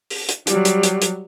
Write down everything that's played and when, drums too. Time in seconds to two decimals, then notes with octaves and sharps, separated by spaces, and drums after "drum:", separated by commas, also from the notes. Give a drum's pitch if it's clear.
0.10 drum: open hi-hat
0.29 drum: hi-hat
0.47 F#3 G3, drum: hi-hat
0.65 drum: hi-hat
0.83 drum: hi-hat
1.02 drum: hi-hat